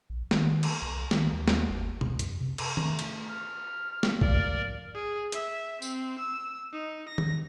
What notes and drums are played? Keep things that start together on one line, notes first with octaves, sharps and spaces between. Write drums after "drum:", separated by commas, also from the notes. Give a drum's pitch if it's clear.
A#1
D#3, drum: snare
drum: cymbal
C2
D#3, drum: snare
D#2
drum: snare
G1
C#2, drum: tom B2
F#2, drum: hi-hat
C3
drum: cymbal
A3, drum: tom D#3
drum: cymbal
F6
drum: snare
D2 G#2 F3 A#4 D5 F5, drum: kick
G#4
E5, drum: hi-hat
C4, drum: tambourine
E6
D#4
A#6
drum: tom D#3